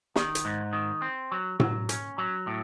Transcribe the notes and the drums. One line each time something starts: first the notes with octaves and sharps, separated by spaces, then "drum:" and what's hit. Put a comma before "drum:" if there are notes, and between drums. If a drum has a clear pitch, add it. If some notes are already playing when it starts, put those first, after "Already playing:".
D#3, drum: snare
drum: hi-hat
G#2
D#3
C4
F#3
F#3, drum: tom A2
C#4, drum: hi-hat
F#3
A2